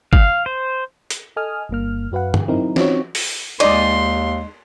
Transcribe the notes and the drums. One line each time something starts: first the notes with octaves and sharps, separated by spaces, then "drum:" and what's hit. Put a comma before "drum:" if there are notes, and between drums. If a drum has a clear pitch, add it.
F5, drum: kick
C5
drum: hi-hat
A4 D#5 G#5 D#6 F6
G1 G2 A#3 F6
F#2 F#4 B4 F5 F#5
drum: tom
F#3 C4 D#4 E4 A#4
C4 C#4 D#4 F4 F#4 C#5, drum: snare
drum: open hi-hat
D#2 G#3 D#4 D5 D#5 C6, drum: cymbal